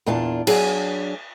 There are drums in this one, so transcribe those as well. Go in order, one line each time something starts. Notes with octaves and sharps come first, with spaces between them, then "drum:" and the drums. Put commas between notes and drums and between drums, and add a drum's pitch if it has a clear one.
E2 A#2 D4 F4 A5
F#3 D4 G#4 G#5, drum: cymbal